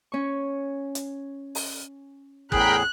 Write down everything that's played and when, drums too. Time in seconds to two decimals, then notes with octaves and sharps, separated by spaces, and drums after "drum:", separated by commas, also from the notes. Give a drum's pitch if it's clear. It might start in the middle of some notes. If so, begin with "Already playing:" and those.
0.12 C#4 C#6
0.95 drum: hi-hat
1.55 drum: open hi-hat
2.52 E2 A2 G#4 A#4 G5 B5 F#6, drum: kick